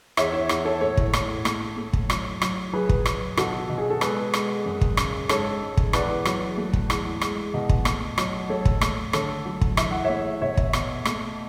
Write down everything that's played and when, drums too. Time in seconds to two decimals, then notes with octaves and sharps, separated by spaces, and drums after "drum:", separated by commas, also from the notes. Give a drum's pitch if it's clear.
0.17 E2 C#5 E5, drum: rim click
0.33 C#5 E5
0.49 E2, drum: rim click
0.65 A4 C#5
0.81 A2 A4 C#5
0.97 drum: kick
1.13 A2, drum: rim click
1.45 A3, drum: rim click
1.77 A3
1.93 drum: kick
2.10 F#3, drum: rim click
2.42 F#3, drum: rim click
2.73 F#3 G#4 B4
2.89 drum: kick
3.06 F#3, drum: rim click
3.37 B2 F#4 A4, drum: rim click
3.69 B2
3.78 G#4
3.90 A4
4.01 G#3 G#4 B4, drum: rim click
4.34 G#3, drum: rim click
4.65 F#2
4.81 drum: kick
4.97 C#3, drum: rim click
5.29 G#2 A4 C#5, drum: rim click
5.61 G#3
5.77 drum: kick
5.93 E2 B4 D5, drum: rim click
6.25 F#3, drum: rim click
6.57 A3
6.73 drum: kick
6.90 E2, drum: rim click
7.21 G#3, drum: rim click
7.54 B2
7.69 drum: kick
7.85 A3, drum: rim click
8.18 F#3, drum: rim click
8.49 A3 A4 C#5
8.65 drum: kick
8.81 A3, drum: rim click
9.13 D3 A4 C#5, drum: rim click
9.45 F#3
9.61 drum: kick
9.77 E3 E5, drum: rim click
9.91 F#5
10.05 A3 C#5 E5
10.41 B2 C#5 E5
10.57 drum: kick
10.73 B2, drum: rim click
11.05 A3, drum: rim click